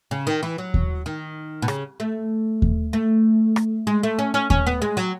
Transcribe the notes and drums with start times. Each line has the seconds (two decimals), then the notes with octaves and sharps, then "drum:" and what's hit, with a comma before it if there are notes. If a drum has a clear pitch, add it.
0.11 C#3
0.27 D#3
0.43 E3
0.58 F#3
0.74 drum: kick D#2
1.06 D#3
1.62 B2
1.68 C#3, drum: rim click
2.00 A3
2.62 drum: kick D#2
2.93 A3
3.56 drum: rim click
3.87 G#3
4.03 A3
4.19 C#4
4.34 C#4
4.50 C#4, drum: kick D#2
4.66 B3
4.82 G#3
4.97 F#3